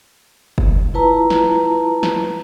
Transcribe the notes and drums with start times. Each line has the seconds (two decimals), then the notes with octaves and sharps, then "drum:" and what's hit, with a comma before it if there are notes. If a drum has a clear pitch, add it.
0.58 drum: kick
0.94 E4 F4 B4 A5 A#5
1.30 drum: snare
2.03 drum: snare